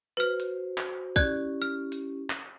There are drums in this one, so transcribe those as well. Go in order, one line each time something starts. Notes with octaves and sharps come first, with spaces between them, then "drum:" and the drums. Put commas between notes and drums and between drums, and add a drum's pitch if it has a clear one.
F#4 B4 C5 F6
drum: hi-hat
drum: clap
C#4 E4 G4 D5 F#6 G#6, drum: kick, open hi-hat
F6
drum: hi-hat
drum: clap